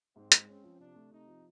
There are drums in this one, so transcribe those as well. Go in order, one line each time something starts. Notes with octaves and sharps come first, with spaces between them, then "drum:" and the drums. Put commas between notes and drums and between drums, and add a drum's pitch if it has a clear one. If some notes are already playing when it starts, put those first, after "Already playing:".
G#2 C4
G#3, drum: hi-hat
C4 C#4
F3
C3 D4
A3
C3 D#4
F3